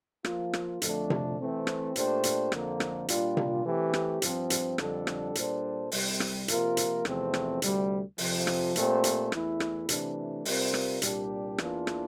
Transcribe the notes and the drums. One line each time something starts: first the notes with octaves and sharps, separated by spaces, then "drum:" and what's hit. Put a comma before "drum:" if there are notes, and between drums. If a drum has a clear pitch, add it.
F3 A#3 F4, drum: rim click
drum: rim click
F2 D3 F3 A3 D4, drum: hi-hat
drum: tom C3
E3 A3 C4
drum: rim click
A#2 A3 D4 G4 C5, drum: hi-hat
drum: hi-hat
F2 D3 F3 A#3, drum: rim click
drum: rim click
A#2 G3 D4 F4, drum: hi-hat
drum: tom C3
E3 A3 C4 G4
drum: rim click
G2 F3 C4, drum: hi-hat
drum: hi-hat
F2 D3 G3 D4 A4, drum: rim click
drum: rim click
A#2 G3 D4 A4 C5, drum: hi-hat
C2 C3 G3, drum: open hi-hat
drum: rim click
C3 F3 A#3 F4 A#4, drum: hi-hat
drum: hi-hat
E2 C3 F3 A3 C4, drum: rim click
drum: rim click
D2 C3 G3, drum: hi-hat
F2 C3 F3, drum: open hi-hat
drum: rim click
A#2 A3 C4 G4 C5, drum: hi-hat
drum: hi-hat
E2 E3 A3 E4, drum: rim click
drum: rim click
C3 E3 A3 D4, drum: hi-hat
C3 G3 C4 F4 A#4, drum: open hi-hat
drum: rim click
C2 A#2 G3 D4 G4, drum: hi-hat
E2 E3 A#3 D4 F4, drum: rim click
drum: rim click